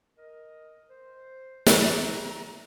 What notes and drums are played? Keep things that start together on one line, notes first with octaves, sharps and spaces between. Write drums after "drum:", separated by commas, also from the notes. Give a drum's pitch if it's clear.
A#4 D#5
C5
A2 D#3 F#3 A#5, drum: snare